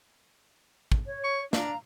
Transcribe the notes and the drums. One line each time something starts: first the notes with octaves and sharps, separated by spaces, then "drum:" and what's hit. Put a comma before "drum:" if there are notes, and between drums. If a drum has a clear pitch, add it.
drum: kick
C#5
C#6
D4 F5 A#5, drum: snare